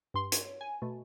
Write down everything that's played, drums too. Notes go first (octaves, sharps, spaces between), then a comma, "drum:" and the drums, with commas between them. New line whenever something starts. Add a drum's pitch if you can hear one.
G2 C6
C#5, drum: hi-hat
G#5
B2 A3